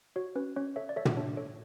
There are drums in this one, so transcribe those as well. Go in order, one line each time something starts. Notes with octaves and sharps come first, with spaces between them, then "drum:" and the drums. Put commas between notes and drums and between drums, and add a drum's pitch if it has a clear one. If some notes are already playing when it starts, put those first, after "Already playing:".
F#4 C#5
C#4 B4
C#4 C#5
A4 C#5 E5
D5
A4 C#5 E5
drum: tom
D4 C#5
A4 C#5